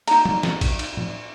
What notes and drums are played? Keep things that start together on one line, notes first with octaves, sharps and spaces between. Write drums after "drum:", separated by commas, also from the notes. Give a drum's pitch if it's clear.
D#4 A#5, drum: cymbal
drum: tom
drum: snare
drum: kick A1, cymbal
drum: cymbal
drum: tom A2